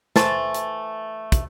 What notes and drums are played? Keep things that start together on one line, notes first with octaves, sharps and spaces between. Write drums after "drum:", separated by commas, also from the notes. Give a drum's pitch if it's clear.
E3 A3 C5 A5, drum: snare
drum: hi-hat
drum: kick, hi-hat